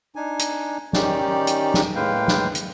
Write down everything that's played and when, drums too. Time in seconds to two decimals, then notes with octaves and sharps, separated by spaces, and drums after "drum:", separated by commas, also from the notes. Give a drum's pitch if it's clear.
0.16 D4 D#4 G#5
0.39 drum: hi-hat
0.93 D#3 C#4 D#4 G4 D5, drum: snare
1.47 drum: hi-hat
1.74 drum: snare
1.95 A2 G#3 A#3 B4 F5 G5
2.28 drum: snare
2.55 drum: hi-hat